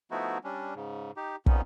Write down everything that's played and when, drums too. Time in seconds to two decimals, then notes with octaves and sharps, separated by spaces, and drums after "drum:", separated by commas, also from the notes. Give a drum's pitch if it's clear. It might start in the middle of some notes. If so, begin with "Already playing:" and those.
0.11 F3 A3 B3 D#4 E4 F#4
0.44 G3 C#4 D4
0.75 G#2 C#3
1.17 D#4 G4
1.46 F2 A#2 B3 C#4 D#4, drum: kick